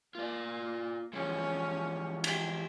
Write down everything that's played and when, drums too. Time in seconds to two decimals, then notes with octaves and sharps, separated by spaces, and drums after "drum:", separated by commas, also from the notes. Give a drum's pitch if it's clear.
0.15 A#3 F4 D5
1.13 E3 F3 G#3 C#4
2.24 drum: cymbal